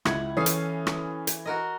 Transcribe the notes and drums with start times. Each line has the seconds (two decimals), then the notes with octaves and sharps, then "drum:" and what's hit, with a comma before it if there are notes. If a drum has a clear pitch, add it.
0.05 C#2 E4 F#5 G#6, drum: rim click
0.37 E3 C#4 A4 F5 D#6 C7
0.46 drum: hi-hat
0.87 drum: rim click
1.27 drum: hi-hat
1.45 F#4 A#4 D#5